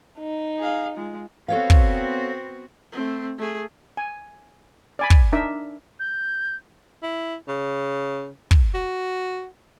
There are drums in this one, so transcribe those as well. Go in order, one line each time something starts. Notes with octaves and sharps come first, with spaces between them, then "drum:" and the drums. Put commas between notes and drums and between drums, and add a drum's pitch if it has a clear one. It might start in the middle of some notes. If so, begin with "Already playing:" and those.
D#4
G#4 F5
G#3 F4
B3 C4 F#4 A4 C#5 F5
drum: kick
A3 C4
A3 G#4
G#5
D5 G#5 B5
drum: kick
D4 D#4 A#4 E5
G6
E4
C#3
drum: kick
F#4